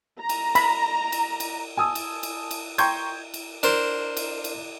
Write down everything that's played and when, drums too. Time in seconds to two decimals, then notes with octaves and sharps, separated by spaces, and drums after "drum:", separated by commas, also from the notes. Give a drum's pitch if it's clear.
0.19 A#5
0.29 drum: cymbal
0.55 B5, drum: cymbal
1.12 drum: cymbal
1.40 drum: cymbal
1.77 G#5 A5 D#6 E6
1.95 drum: cymbal
2.23 drum: cymbal
2.51 drum: cymbal
2.78 G5 A#5 C6 C#6 G6 G#6, drum: cymbal
3.34 drum: cymbal
3.63 D4 A#4 C5, drum: cymbal
4.17 drum: cymbal
4.44 drum: cymbal